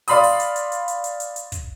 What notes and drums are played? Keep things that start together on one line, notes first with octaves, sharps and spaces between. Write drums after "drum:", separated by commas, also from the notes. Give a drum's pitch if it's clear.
D5 F5 B5 C6 D#6, drum: open hi-hat
drum: open hi-hat
drum: hi-hat
drum: hi-hat
drum: hi-hat
drum: hi-hat
drum: hi-hat
drum: hi-hat
drum: hi-hat
drum: kick, hi-hat